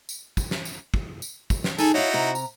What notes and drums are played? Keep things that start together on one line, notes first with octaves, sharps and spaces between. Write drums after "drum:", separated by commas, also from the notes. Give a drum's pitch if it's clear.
drum: tambourine
drum: kick, tambourine
drum: snare
drum: tambourine
drum: kick
drum: tambourine
drum: kick, tambourine
drum: snare
D#4 G#4 A4 G#5, drum: tambourine
D#4 E4 F#4 C#5 F5
C3 A#5
drum: tambourine